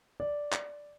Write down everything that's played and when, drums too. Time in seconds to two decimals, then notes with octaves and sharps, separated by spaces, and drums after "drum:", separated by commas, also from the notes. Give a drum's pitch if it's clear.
0.20 D5
0.53 drum: clap